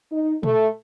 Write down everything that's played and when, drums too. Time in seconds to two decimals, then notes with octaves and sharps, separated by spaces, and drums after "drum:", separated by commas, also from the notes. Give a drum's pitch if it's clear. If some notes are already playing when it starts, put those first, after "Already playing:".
0.10 D#4
0.43 A3, drum: tom A#2